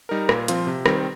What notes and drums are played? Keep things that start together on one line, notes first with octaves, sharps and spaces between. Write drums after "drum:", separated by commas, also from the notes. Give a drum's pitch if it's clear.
G3 D#4 A#4
A#2, drum: rim click
F3 C4 F4, drum: hi-hat
C3
D#3 G3 C4, drum: rim click